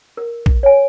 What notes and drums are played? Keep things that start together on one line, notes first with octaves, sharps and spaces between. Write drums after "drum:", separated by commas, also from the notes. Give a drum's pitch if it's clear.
A#4
drum: kick A#1
C#5 G#5